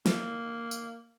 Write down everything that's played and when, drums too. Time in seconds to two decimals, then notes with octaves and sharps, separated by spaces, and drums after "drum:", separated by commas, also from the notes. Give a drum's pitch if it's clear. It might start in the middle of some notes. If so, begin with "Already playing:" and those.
0.06 A#3, drum: snare
0.71 drum: tambourine